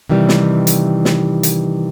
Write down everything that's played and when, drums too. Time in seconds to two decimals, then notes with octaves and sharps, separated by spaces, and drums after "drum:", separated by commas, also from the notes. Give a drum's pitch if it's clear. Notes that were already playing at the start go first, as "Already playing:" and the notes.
0.09 C3 D#3 E3 G3
0.29 drum: snare
0.67 drum: hi-hat
1.05 drum: snare
1.43 drum: hi-hat